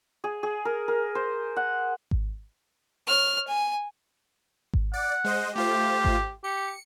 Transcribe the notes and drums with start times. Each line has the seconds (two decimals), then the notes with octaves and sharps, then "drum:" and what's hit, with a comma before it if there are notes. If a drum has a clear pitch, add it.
0.24 G#4
0.43 G#4
0.65 A#4
0.88 A#4
1.15 C5
1.56 F#5
2.11 drum: kick G#1
3.07 C#5 F6
3.47 G#5
4.74 drum: kick G#1
4.94 D5 F#5
5.24 G#3 C5 D#5
5.55 A3 F4 G4 C5
6.05 drum: kick G#1
6.44 G4 C#7